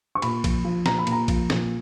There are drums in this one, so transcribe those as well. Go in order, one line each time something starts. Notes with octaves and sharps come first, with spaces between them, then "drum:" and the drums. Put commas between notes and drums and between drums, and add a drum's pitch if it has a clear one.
C#6
A#2 B5, drum: cymbal
F3, drum: kick A#1, cymbal
F3
A#2 A#5, drum: snare
B5
A#2, drum: cymbal
A#5
F3, drum: kick A#1, cymbal
A#2, drum: snare